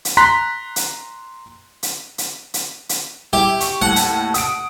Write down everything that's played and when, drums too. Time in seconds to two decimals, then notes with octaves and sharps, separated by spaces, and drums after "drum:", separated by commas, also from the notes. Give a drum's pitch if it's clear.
0.05 drum: hi-hat
0.17 A#5 C6 F#6 B6
0.76 drum: hi-hat
1.83 drum: hi-hat
2.18 drum: hi-hat
2.54 drum: hi-hat
2.89 drum: hi-hat
3.33 E4 G4
3.60 C#6, drum: hi-hat
3.82 D#2 A2 F#5
3.96 drum: hi-hat
4.34 D#6 D7, drum: hi-hat